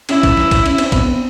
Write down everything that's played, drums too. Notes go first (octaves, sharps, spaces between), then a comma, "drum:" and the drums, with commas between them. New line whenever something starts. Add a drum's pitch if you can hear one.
C#4 E4, drum: cymbal
drum: kick, cymbal
drum: snare
drum: kick, cymbal
C#4, drum: cymbal
C4, drum: cymbal
B3, drum: kick, cymbal
C4